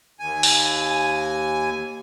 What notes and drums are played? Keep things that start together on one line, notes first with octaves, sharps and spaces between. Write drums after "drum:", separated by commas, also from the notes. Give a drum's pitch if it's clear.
D#2 G#5
drum: open hi-hat